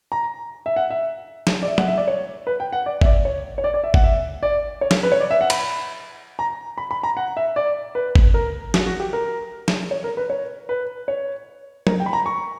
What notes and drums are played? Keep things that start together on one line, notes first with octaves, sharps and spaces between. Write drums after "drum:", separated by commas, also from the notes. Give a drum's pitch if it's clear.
A#5
E5
F#5
E5
drum: snare
D5
E5
F#5, drum: tom
E5
D5
C#5
B4
G5
F#5
D5
E5, drum: kick G#1
D5
C#5
C#5
D5
D5
E5
F#5, drum: kick G#1
E5
D5
C#5
drum: snare
B4
C#5
D5
E5
F#5
B5, drum: cymbal
A#5
B5
B5
A#5
F#5
E5
D5
B4
drum: kick G#1
A#4
F#4, drum: snare
F#4
G4
A#4
drum: snare
C#5
A#4
B4
C#5
B4
C#5
A#4, drum: tom
G5
B5
A#5
C#6